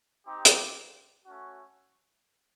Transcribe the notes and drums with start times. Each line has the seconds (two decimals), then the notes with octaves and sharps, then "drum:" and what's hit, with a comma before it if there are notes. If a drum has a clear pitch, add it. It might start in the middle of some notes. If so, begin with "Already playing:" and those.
0.26 C4 D#4 G4
0.45 drum: hi-hat
1.26 A3 C#4 F#4